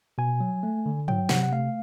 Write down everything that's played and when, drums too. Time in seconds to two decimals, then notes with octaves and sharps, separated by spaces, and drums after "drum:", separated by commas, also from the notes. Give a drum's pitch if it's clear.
0.18 B2 G#5
0.40 F#3
0.63 A3
0.86 D3
1.08 F#3 G5, drum: tom G2
1.29 C3 F#5, drum: snare
1.43 F#5
1.52 A3 F5